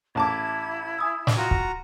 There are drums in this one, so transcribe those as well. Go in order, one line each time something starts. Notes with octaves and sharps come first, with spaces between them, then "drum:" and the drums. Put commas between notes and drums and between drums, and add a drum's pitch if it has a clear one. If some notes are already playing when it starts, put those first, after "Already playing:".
A1 E4 A5 D6 G#6
G#5 D#6 E6
drum: snare
F4 F#4 G5 A#5
drum: kick